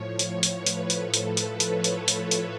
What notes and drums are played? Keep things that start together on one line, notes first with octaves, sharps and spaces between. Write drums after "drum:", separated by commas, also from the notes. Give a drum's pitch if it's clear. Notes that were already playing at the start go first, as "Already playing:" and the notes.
Already playing: A2 F3 C#5
C#5, drum: hi-hat
drum: hi-hat
B4
drum: hi-hat
A2 F3 A4, drum: hi-hat
drum: hi-hat
B4
drum: hi-hat
C#5, drum: hi-hat
drum: hi-hat
C#5
drum: hi-hat
drum: hi-hat